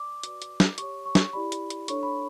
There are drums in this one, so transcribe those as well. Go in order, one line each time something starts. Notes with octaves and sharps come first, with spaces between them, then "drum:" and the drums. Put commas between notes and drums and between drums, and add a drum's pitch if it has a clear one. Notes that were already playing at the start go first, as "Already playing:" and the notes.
Already playing: D5 D6
F#4 B4 D5, drum: hi-hat
drum: hi-hat
drum: snare
G4 C#5 C#6, drum: hi-hat
C#6
drum: snare
E4 G4 D5 B5
drum: hi-hat
drum: hi-hat
D4 A4 C#5 C#6, drum: hi-hat
B5